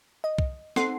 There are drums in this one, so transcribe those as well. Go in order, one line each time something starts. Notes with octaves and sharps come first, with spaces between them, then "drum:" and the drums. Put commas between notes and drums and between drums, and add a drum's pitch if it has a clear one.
D#5
drum: kick
C4 D#4 A4 F#5 C6 C7, drum: snare